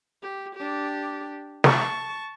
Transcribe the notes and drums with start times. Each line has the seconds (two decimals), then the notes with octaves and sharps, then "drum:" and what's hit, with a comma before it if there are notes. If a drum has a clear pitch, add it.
0.22 G4
0.55 D4 G4
1.64 A5 C#6, drum: snare